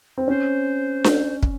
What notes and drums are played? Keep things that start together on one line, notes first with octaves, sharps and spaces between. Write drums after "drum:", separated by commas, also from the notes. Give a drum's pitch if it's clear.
C4
C#4 C5
drum: snare D4
drum: kick